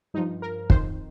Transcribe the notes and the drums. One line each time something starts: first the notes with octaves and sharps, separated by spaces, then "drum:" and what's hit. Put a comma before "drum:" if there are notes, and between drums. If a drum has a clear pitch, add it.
G2 F3 D#4
A#4
F2 D#3 C5, drum: kick